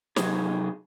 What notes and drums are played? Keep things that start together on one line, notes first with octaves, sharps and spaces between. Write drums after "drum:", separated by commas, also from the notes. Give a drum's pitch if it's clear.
C3 F#3 D#4 G#4, drum: snare